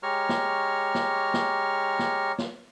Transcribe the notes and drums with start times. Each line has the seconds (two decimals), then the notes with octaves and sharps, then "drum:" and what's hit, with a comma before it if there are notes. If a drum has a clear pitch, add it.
0.03 G#3 G4 C#5 A#5 C#6 F6
0.29 drum: snare
0.95 drum: snare
1.34 drum: snare
1.99 drum: snare
2.38 drum: snare